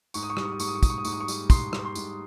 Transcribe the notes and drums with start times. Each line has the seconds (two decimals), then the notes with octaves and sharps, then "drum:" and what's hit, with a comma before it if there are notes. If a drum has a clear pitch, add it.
0.14 G#2 C#6, drum: tambourine
0.23 D#6
0.30 C#6
0.37 G3 D#6, drum: rim click
0.45 C#6
0.52 D#6
0.60 G#2 C#6, drum: tambourine
0.67 D#6
0.75 C#6
0.83 G3 D#6, drum: kick, tambourine
0.90 C#6
0.98 D#6
1.05 G#2 C#6, drum: tambourine
1.12 D#6
1.21 C#6
1.28 G3, drum: tambourine
1.50 G#2 C6, drum: kick, tambourine
1.73 G3, drum: rim click
1.85 C6
1.95 G#2, drum: tambourine